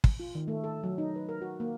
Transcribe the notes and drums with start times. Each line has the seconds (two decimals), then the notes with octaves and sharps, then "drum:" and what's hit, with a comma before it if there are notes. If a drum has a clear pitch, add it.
0.04 drum: kick
0.20 F4
0.35 D#3
0.48 A3
0.64 A4
0.84 F#3
0.98 D#4
1.16 B4
1.29 A#4
1.42 F#4
1.60 A#3